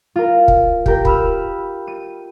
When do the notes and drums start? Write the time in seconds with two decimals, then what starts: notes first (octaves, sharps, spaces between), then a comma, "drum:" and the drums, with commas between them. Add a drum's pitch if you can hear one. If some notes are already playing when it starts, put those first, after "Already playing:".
0.16 F4 A#4
0.48 drum: kick
0.86 G4 A#4 G5, drum: kick
1.05 B5 E6 F6, drum: kick
1.87 D#7